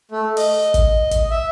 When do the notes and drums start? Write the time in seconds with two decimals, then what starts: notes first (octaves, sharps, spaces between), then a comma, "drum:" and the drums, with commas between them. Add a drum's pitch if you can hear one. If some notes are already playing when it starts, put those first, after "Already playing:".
0.11 A3
0.37 D#5, drum: open hi-hat
0.74 drum: kick, hi-hat
1.11 drum: kick, hi-hat
1.30 E5